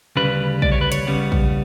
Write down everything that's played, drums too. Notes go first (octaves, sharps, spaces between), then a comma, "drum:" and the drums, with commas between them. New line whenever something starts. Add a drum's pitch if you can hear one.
D2 C#3 G3 B4
D5, drum: kick
C#5
B4
C#5, drum: hi-hat
C#2 C#3 G3 B3
drum: kick